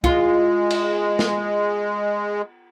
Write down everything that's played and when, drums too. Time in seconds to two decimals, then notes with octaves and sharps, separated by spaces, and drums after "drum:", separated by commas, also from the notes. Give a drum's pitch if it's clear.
0.04 G#3 F4, drum: kick
0.71 drum: cymbal
1.19 drum: snare